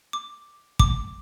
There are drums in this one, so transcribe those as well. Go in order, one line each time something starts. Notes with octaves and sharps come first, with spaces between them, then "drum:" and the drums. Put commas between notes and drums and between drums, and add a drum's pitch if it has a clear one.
D6
D6, drum: kick